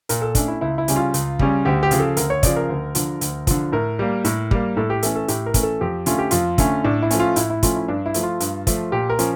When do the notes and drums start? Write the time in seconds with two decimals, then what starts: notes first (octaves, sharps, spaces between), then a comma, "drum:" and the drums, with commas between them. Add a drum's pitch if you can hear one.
0.09 A#2 A#4, drum: hi-hat
0.22 A4
0.35 A3 C#4 D4, drum: kick, hi-hat
0.48 E4
0.61 C#2 E4
0.78 E4
0.88 C#3 G3 C#4, drum: hi-hat
0.96 F4
1.14 C#2, drum: hi-hat
1.39 C#3 G3 C#4, drum: kick
1.65 D2 G4
1.83 G4
1.91 C#3 F3, drum: hi-hat
2.00 A4
2.17 D2 A#4, drum: hi-hat
2.30 C#5
2.43 C#3 F3 D5, drum: kick, hi-hat
2.56 A#4
2.69 D2
2.95 D3 F3, drum: hi-hat
3.21 D2, drum: hi-hat
3.47 D3 F3, drum: kick, hi-hat
3.72 A2 A#4
3.99 G3 A#3
4.25 A2, drum: hi-hat
4.51 G3 A#3, drum: kick
4.77 A2 A4
4.90 G4
5.03 E3 A3 C#4 A4, drum: hi-hat
5.16 A4
5.28 A2 G4, drum: hi-hat
5.46 A#4
5.54 E3 A3 C#4, drum: kick, hi-hat
5.63 A4
5.81 F2 G4
6.06 D3 A3 C#4 F4, drum: hi-hat
6.19 G4
6.31 F2 F4, drum: hi-hat
6.58 D3 A3 C#4, drum: kick, hi-hat
6.84 A2 D4
7.02 E4
7.11 F3 A3 C#4, drum: hi-hat
7.20 F4
7.36 A2 E4, drum: hi-hat
7.50 E4
7.63 F3 A3 C#4 F4, drum: kick, hi-hat
7.76 E4
7.88 G2 D4
8.06 E4
8.14 F3 A3, drum: hi-hat
8.23 F4
8.40 G2, drum: hi-hat
8.67 F3 A3, drum: kick, hi-hat
8.92 A#2 G4
9.10 A#4
9.19 F3 C#4, drum: hi-hat